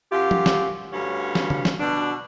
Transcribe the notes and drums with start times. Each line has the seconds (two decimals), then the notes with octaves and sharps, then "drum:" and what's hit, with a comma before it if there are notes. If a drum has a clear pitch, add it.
0.12 F#2 F4 G4
0.31 drum: tom F3
0.46 drum: snare
0.93 D2 G2 C#4 C#5 F5
1.35 drum: snare
1.50 drum: tom C#3
1.65 drum: snare
1.80 B2 D4